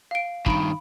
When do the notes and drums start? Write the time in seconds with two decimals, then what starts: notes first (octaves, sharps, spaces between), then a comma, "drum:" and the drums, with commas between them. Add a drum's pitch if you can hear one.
0.11 F5 D7
0.46 G2 D#3 B5 D7, drum: kick